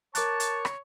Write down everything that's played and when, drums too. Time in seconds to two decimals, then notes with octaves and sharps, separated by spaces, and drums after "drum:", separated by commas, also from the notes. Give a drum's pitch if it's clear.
0.15 A#4 C#5 A5 C#6 D6 F#6, drum: hi-hat
0.40 drum: hi-hat
0.65 drum: rim click